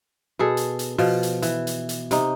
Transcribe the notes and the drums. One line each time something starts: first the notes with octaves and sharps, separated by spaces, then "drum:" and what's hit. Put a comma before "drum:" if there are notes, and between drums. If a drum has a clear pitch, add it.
B2 G#4 A4
drum: hi-hat
drum: hi-hat
B2 F3, drum: open hi-hat
drum: hi-hat
E3, drum: hi-hat
drum: hi-hat
drum: hi-hat
C3 D#4, drum: hi-hat